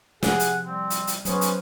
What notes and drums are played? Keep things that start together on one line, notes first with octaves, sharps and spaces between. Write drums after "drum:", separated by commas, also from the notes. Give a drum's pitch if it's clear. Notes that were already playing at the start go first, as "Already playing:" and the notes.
C3 F3 G#4 F#5, drum: snare
drum: hi-hat
G3 C4
drum: hi-hat
drum: hi-hat
F#3 B3 C#4 G#4 C5, drum: hi-hat
drum: hi-hat